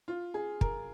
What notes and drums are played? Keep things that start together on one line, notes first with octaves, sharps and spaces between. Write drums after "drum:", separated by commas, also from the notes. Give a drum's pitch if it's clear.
F4
G#4
A#4, drum: kick